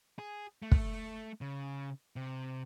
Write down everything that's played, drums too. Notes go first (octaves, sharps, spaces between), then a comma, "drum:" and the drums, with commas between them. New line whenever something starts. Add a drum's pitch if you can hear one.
G#4
A3
drum: kick
C#3
C3